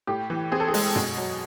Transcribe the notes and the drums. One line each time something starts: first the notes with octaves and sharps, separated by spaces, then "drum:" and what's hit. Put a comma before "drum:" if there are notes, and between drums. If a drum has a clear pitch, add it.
A2 G4
E3
C4 G#4
A4
G#4
G#3, drum: open hi-hat
B2, drum: tom
F#3